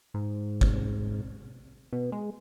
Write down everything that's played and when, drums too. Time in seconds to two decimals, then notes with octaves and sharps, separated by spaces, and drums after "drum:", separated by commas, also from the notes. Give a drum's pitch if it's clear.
0.14 G#2
0.61 drum: kick G1
1.93 B2
2.12 G#3